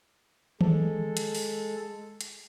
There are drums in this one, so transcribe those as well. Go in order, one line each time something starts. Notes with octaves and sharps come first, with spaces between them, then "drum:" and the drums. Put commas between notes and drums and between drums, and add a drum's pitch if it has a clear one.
G#3 A4, drum: tom D#3
drum: hi-hat
drum: open hi-hat
drum: hi-hat